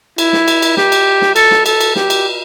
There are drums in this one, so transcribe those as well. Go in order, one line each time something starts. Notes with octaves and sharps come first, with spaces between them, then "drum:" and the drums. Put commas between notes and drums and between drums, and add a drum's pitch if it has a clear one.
E4, drum: cymbal
drum: snare
drum: cymbal
drum: cymbal
G4, drum: snare
drum: cymbal
drum: snare
A4, drum: cymbal
drum: snare
A4, drum: cymbal
drum: cymbal
G4, drum: snare
drum: cymbal